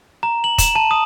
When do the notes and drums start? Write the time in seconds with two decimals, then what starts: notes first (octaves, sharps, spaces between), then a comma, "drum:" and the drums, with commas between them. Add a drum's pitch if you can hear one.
0.23 A#5
0.44 F#7
0.58 E7, drum: kick, hi-hat
0.75 A5
0.91 D#6